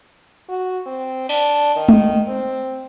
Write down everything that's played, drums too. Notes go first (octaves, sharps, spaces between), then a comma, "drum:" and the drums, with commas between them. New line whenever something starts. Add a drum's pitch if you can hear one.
F#4
C4
D4, drum: cymbal
D#3
drum: tom G#3
C4